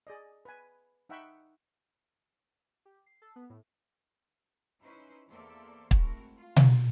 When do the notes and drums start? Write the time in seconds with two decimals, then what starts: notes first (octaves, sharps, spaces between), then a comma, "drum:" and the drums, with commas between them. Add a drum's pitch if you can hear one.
0.07 G#4 D5 D#5
0.45 B4 G#5
1.09 D#4 E5 F#5 G5 B5 C#6
2.85 G4
3.06 C7
3.22 A4
3.36 B3
3.50 A2
4.81 C#4 D#4 E4 B4 C5
5.28 E2 A#3 A4 C5 D5 E5
5.91 G#3 A3 C4 E4 F#4 A#4, drum: kick
6.37 F4
6.56 drum: tom B2